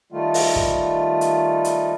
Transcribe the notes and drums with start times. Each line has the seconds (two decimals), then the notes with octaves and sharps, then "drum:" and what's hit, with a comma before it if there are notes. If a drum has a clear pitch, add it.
0.12 D#3 G3 A3 F4
0.34 drum: open hi-hat
0.56 drum: kick
1.21 drum: hi-hat
1.65 drum: hi-hat